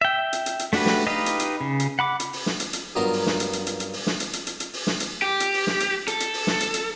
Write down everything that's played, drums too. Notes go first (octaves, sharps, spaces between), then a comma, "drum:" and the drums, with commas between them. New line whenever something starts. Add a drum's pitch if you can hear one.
E5 G5
drum: hi-hat
drum: hi-hat
drum: hi-hat
A3 D4 F#4 G4 B4, drum: open hi-hat
drum: snare
D#4 G4 B4 D#5 F5
drum: hi-hat
drum: hi-hat
C#3
drum: hi-hat
F#5 B5 D6
drum: hi-hat
drum: open hi-hat
drum: snare
drum: hi-hat
drum: hi-hat
G2 F#3 B3 F4 A#4 D#6
drum: open hi-hat
drum: snare
drum: hi-hat
drum: hi-hat
drum: hi-hat
drum: hi-hat
drum: open hi-hat
drum: snare
drum: hi-hat
drum: hi-hat
drum: hi-hat
drum: hi-hat
drum: open hi-hat
drum: snare
drum: hi-hat
G4
drum: hi-hat
drum: open hi-hat
drum: snare
drum: hi-hat
A4, drum: hi-hat
drum: hi-hat
drum: open hi-hat
drum: snare
drum: hi-hat
drum: hi-hat